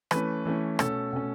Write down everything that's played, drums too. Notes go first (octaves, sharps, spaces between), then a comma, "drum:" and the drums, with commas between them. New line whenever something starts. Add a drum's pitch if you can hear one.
E3 A3 C#4 B4, drum: rim click
E3 A3 C#4
B2 A3 C#4 A4, drum: rim click
B2 A3 C#4